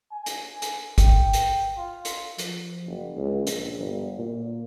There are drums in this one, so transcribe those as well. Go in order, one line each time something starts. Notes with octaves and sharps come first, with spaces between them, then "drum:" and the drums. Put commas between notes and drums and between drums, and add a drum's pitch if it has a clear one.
G#5
drum: hi-hat
drum: hi-hat
G5, drum: kick, hi-hat
drum: hi-hat
F4
drum: hi-hat
F3, drum: hi-hat
F#1
C#2
A#1, drum: hi-hat
G1
A#2